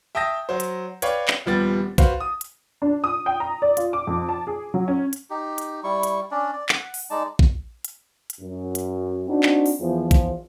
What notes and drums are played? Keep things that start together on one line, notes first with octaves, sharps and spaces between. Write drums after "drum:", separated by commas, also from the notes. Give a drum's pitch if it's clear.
E5 G5 A5 D#6 G6 A#6
F#3 C5
drum: hi-hat
B4 C#5 D5 F5 G5 C#6, drum: hi-hat
drum: clap
D#1 F3 G3 B3 A6
F#4 B4 C5 F5, drum: kick A#1, hi-hat
D#6
drum: hi-hat
D4
D#6
G5
A#5
D5
F4, drum: hi-hat
D6
F2
A5
G#4
F#3
C#4
drum: hi-hat
D#4 G4
drum: hi-hat
G3 E4 C#6
drum: hi-hat
C#4 D4 D5
D5
F#5, drum: clap
drum: open hi-hat
G#3 D#4 D5 A5
drum: kick A#1
drum: hi-hat
drum: hi-hat
F#2
drum: hi-hat
C4 D4 D#4 F#4
drum: clap
drum: open hi-hat
E2 F3
drum: kick A#1, hi-hat